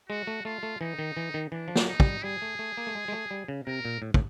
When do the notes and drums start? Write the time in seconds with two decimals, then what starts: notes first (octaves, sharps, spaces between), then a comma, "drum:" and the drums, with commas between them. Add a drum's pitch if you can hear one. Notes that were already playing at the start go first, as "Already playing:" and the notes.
0.09 G#3 F#4
0.27 A3
0.45 A3 F4
0.63 A3
0.81 E3 D#4
0.99 D#3
1.17 E3
1.34 D#3
1.52 E3 D4
1.68 F3
1.76 F#3, drum: snare
1.88 D#4
2.00 G3, drum: kick
2.23 G3 G#4
2.42 A3
2.59 A3
2.77 A#3
2.87 A3
2.95 G#3
3.08 G#3
3.12 A3
3.31 G3
3.48 C#3
3.66 C3 A#4
3.85 A#2
4.02 A2
4.14 A2, drum: kick